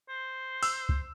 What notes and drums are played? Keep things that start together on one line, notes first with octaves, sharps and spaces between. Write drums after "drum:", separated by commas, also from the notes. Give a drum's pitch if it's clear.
C5
E6, drum: open hi-hat
drum: kick C#2